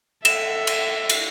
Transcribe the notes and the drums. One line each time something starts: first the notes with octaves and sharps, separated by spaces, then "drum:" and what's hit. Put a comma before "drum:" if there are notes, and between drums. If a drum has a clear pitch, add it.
A4 E5 E7, drum: cymbal
drum: cymbal
drum: cymbal